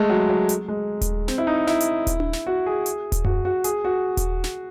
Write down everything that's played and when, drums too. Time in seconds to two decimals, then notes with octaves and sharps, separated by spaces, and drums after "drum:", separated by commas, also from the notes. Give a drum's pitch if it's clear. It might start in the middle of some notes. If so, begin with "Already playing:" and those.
Already playing: G#3 A3
0.09 F#3
0.29 F#3
0.49 drum: hi-hat
0.68 G#3
1.02 drum: kick D#1, hi-hat
1.28 C4, drum: snare
1.38 E4
1.47 D#4
1.67 E4, drum: snare
1.80 drum: hi-hat
2.07 drum: kick D#1, hi-hat
2.20 drum: tom D4
2.33 drum: snare
2.47 F#4
2.66 G#4
2.86 drum: hi-hat
3.12 drum: kick D#1, hi-hat
3.25 F#4, drum: tom F#2
3.45 F#4
3.64 G#4, drum: hi-hat
3.84 F#4
4.17 drum: kick D#1, hi-hat
4.44 drum: snare